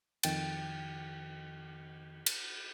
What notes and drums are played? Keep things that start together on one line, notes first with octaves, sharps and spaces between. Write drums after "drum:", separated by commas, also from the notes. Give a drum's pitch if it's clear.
F2 D#3 G5 A6, drum: cymbal
drum: cymbal